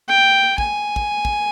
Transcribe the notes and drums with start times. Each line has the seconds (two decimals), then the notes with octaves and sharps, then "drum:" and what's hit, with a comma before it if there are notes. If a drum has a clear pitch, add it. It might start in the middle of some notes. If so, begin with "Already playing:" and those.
0.08 G5
0.58 G#5, drum: kick
0.96 drum: kick
1.25 drum: kick